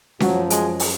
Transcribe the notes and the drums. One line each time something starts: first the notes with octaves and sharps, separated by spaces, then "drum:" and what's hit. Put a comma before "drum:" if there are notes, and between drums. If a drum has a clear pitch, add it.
F#2 F3 F#3, drum: snare C#4
G#3, drum: hi-hat
drum: open hi-hat